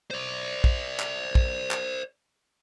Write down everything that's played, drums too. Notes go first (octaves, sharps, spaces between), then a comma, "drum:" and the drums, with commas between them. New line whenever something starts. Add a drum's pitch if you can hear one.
C5 D5
drum: kick
drum: clap
drum: kick
drum: clap